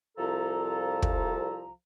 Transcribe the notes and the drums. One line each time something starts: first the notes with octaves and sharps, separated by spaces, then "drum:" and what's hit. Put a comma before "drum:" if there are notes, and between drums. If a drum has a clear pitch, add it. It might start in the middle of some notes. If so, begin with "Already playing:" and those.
C2 F3 A4 A#5
drum: kick